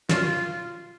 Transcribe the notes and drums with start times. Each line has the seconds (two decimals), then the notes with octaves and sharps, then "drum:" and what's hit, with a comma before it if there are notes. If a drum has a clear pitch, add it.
0.09 F4, drum: snare